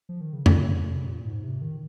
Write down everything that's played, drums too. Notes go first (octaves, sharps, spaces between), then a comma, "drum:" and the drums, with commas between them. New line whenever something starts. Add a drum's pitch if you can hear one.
F3
D#3
C#3
drum: tom F2
C3
A#2
G#2
C3
D#3